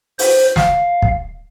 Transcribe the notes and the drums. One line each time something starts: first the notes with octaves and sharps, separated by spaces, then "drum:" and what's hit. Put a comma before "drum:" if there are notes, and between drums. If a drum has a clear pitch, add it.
C5, drum: open hi-hat
F5, drum: snare
drum: kick